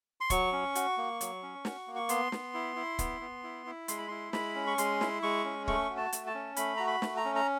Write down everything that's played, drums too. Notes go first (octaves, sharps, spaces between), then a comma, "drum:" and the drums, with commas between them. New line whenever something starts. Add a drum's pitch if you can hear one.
C6
F#3 C#6, drum: kick, hi-hat
C#4
F#4, drum: hi-hat
A#3
F#3, drum: hi-hat
C#4
F#4, drum: snare
A#3
C#6
B3 C6, drum: hi-hat
B3, drum: snare
E4
E4
B3, drum: kick, hi-hat
B3
E4
E4
G#3 C6, drum: hi-hat
B5
E4 C6
G#3 B5, drum: snare
C#4
C#6
G#3 C6, drum: hi-hat
E4, drum: snare
G#3 C#6
C#4
A3 C#6, drum: kick
F#4
A5
A3, drum: hi-hat
A5
C#4
A3 B5, drum: hi-hat
F#4 A#5
B5
A3, drum: snare
A#5
C#4
A#5